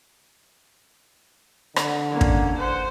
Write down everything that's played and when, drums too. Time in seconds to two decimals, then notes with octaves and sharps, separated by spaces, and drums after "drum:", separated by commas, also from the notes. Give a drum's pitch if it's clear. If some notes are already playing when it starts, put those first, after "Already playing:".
1.76 D3, drum: rim click
2.11 A#3 C#4
2.21 drum: kick
2.57 C5 F#5